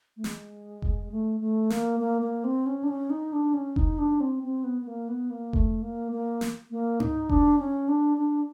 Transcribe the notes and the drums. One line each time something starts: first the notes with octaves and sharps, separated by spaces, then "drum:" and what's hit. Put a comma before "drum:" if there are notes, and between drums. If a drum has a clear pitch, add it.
A3
G#3, drum: snare
drum: kick F1
A3
A3
A#3, drum: snare
A#3
A#3
C4
C#4
D4
C#4
D#4
D4
C#4
D#4, drum: kick F1
D4
C4
C4
B3
B3
A#3
B3
A#3
A3, drum: kick F1
A#3
A#3
drum: snare
A#3
D#4, drum: tom G#2
D4, drum: kick F1
C#4
D4
D4